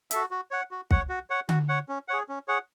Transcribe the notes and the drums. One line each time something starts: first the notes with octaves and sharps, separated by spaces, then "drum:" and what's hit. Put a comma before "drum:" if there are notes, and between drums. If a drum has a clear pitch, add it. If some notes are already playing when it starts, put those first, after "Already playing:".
F#4 A4 E5, drum: hi-hat
F#4
C#5 F#5
F#4
C#5 F#5, drum: kick
F#4
C#5 F#5
F#4, drum: tom D3
C#5 F#5
C#4
G#4 C#5 F#5
C#4
G#4 C#5 F#5